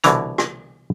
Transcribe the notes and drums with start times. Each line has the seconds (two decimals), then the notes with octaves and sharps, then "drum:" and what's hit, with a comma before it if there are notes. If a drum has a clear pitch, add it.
0.04 C2 B2 D3 E3 A#5, drum: hi-hat
0.38 drum: rim click